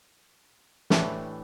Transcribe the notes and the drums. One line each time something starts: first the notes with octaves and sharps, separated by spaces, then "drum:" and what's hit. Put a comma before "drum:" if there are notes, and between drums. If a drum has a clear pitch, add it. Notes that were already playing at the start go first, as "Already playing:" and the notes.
A2 E3 A3 D4 G4, drum: snare